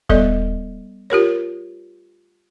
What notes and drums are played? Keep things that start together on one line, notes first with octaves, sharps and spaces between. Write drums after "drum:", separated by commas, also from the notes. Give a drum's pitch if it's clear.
G3 B3 A4 D5 D#5, drum: kick D#1
F4 G4 A#4 C#5